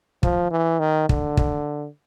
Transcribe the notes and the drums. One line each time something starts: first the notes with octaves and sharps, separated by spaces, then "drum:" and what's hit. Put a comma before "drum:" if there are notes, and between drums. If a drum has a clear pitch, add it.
F3, drum: kick
E3
D#3
D3, drum: kick
drum: kick